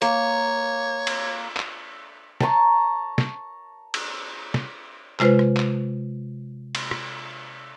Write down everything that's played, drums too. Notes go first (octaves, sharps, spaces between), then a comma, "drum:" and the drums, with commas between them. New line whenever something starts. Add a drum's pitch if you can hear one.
A#3 C#5, drum: hi-hat
drum: cymbal
drum: clap
A5 A#5 C#6, drum: snare
drum: snare
drum: cymbal
drum: snare
C3 G#3 F4 B4 C5, drum: clap
drum: rim click
drum: clap
drum: cymbal
drum: rim click